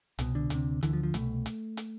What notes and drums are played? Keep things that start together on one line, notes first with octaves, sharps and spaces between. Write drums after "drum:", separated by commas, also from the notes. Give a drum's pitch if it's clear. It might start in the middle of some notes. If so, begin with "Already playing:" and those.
C2 B2, drum: hi-hat
D3
D2 C3, drum: hi-hat
D2 D3 E3, drum: hi-hat
F3
F3
C2 B2 A3, drum: hi-hat
drum: hi-hat
drum: hi-hat